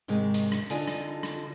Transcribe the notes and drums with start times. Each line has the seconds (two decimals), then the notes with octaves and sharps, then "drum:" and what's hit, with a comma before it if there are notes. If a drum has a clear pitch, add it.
0.08 G#2 C3 D#3 G#3
0.34 drum: hi-hat
0.52 drum: rim click
0.70 D3 D#4 F4 A4 G#5, drum: hi-hat
0.88 drum: rim click
1.23 drum: rim click